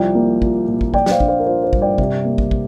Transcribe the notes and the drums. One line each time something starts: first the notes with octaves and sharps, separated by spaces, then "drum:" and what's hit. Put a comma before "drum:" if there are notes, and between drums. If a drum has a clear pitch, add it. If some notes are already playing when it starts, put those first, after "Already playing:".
Already playing: C2 F3 D5 G5
A#3
F4, drum: kick
A#2
drum: kick
F3 D5 G5, drum: kick
D5, drum: snare
C5 F5
D4, drum: kick
C5 F5
A#4
F4 C5
C5
G2, drum: kick
D5 G5
C3, drum: kick
A#3
drum: kick
drum: kick